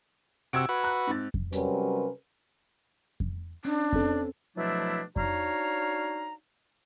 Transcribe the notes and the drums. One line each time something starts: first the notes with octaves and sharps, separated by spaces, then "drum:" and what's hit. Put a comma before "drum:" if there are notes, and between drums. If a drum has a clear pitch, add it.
C3 F#4 E6 G#6 D7
F#4 B4
A#5 F#6
G#2 C4 A6
drum: kick F2
C3 F#3 G3 C#4 A#4 B4, drum: hi-hat
drum: kick F2
C#4 D4
C4 C#4 A4, drum: kick F2
B2 F3 F#3 A3 D4 E4
D4 D#4 F#4 C#5 F5 A#5, drum: kick F2